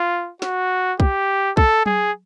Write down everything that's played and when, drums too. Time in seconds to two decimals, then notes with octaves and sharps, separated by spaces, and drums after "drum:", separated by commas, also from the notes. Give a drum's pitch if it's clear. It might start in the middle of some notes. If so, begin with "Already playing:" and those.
Already playing: F4
0.42 F#4, drum: snare
1.00 G4, drum: kick
1.57 A4, drum: kick
1.86 G#4, drum: tom F#3